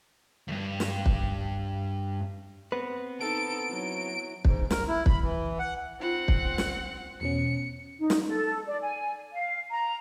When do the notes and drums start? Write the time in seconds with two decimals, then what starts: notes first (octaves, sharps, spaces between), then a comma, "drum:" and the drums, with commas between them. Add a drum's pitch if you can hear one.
0.48 D2 G2
0.80 drum: snare
1.06 drum: kick
2.72 B3 C4 B4
3.21 D#4 A4 D7
3.70 F#3 E4
4.45 G#2, drum: kick
4.70 A#4, drum: snare
4.88 E4
5.06 B5, drum: kick
5.22 E3
5.59 F#5
6.00 C4 D#4 F4 F#5
6.28 drum: kick
6.58 drum: snare
7.21 E2 B2 C#4 C#7
7.99 D#4
8.10 drum: snare
8.27 A4
8.66 D5
8.81 G#5
9.33 F5
9.70 A#5